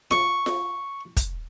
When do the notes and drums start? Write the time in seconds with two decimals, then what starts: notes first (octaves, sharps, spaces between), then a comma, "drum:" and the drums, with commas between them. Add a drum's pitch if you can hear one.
0.11 C#6, drum: snare F4
0.46 drum: snare F4
1.17 drum: kick, hi-hat